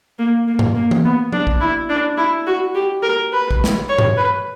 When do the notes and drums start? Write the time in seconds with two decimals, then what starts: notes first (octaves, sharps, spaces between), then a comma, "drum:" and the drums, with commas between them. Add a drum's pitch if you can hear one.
0.19 A#3
0.47 A#3
0.59 drum: tom G2
0.76 A#3
0.91 drum: tom E3
1.05 B3
1.33 D4, drum: tom F3
1.47 drum: kick A#1
1.61 E4
1.89 D4
2.17 E4
2.47 F#4
2.75 G4
3.03 A#4
3.32 B4
3.51 drum: kick A#1
3.64 drum: snare
3.89 C#5
3.98 drum: tom G2
4.17 B4